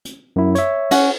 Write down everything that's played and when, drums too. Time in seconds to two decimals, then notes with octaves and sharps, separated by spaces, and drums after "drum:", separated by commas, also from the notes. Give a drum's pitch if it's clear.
0.05 drum: hi-hat
0.36 F#2 E4
0.55 C#5 E5, drum: hi-hat
0.91 C#4 F#5, drum: cymbal